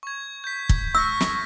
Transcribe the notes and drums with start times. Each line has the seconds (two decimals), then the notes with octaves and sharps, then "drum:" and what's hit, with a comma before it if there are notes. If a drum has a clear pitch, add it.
0.03 C#6 G#6
0.44 G6 B6
0.69 drum: kick
0.95 C#6 E6 F6 A#6 B6
1.21 drum: snare